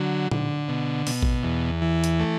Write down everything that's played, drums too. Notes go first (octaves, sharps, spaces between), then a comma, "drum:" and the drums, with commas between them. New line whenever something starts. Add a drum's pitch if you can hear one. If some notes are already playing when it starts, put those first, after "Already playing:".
Already playing: D3 F#3
D3, drum: tom A#2
B2
B2, drum: open hi-hat
drum: kick A1
E2
E3
drum: hi-hat
A3